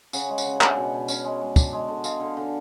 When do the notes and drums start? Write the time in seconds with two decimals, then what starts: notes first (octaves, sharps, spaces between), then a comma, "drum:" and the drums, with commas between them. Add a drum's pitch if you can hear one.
0.13 C#3 F#5, drum: tambourine
0.29 G#3
0.38 F#5, drum: tambourine
0.45 C#3
0.56 G#5
0.61 D4 F#5, drum: clap
0.77 B2
0.94 B2
1.08 C#4 F#5, drum: tambourine
1.25 G#3
1.41 G#3
1.56 D4, drum: kick, tambourine
1.73 G#3
1.88 D3
2.04 G#3 F5, drum: tambourine
2.20 D3
2.37 D3